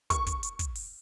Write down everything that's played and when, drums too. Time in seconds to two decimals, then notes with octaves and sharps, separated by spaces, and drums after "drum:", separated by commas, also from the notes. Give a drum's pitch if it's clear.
0.10 C#6, drum: kick, hi-hat
0.26 drum: kick, hi-hat
0.43 drum: hi-hat
0.59 drum: kick, hi-hat
0.75 drum: open hi-hat